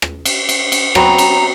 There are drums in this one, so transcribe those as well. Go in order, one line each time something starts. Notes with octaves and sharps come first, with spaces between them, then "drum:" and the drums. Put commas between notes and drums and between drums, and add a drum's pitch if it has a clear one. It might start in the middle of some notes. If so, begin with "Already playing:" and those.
drum: rim click
drum: cymbal
drum: cymbal
drum: cymbal
F#3 B3 C4 A#5, drum: rim click
drum: cymbal